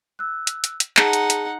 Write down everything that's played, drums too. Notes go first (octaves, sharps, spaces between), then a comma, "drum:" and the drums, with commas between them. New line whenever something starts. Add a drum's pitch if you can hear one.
E6 F#6
drum: hi-hat
drum: hi-hat
drum: hi-hat
D#4 G#4 F#5 A5, drum: clap
drum: hi-hat
drum: hi-hat